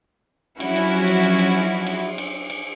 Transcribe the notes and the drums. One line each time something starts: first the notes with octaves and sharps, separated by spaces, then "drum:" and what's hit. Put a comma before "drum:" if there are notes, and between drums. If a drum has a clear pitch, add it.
F3 F#3 C#4 E4 F#4, drum: cymbal
drum: cymbal
drum: cymbal
drum: cymbal
drum: cymbal
drum: cymbal
drum: cymbal
drum: cymbal